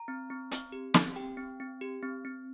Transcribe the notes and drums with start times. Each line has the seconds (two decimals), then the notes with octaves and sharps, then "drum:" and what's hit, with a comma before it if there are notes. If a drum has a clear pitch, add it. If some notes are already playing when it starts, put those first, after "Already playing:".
Already playing: A#5
0.08 C4
0.30 C4
0.51 C4, drum: hi-hat
0.72 G4
0.94 C4, drum: snare
1.16 G4 G5
1.37 C4
1.60 C4
1.81 G4
2.02 C4
2.25 C4